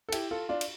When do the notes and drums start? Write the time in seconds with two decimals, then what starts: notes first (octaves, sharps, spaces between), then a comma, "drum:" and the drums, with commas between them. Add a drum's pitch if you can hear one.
0.09 A4
0.12 E4 G4, drum: cymbal
0.31 F4 A4
0.49 D4 F4
0.61 drum: cymbal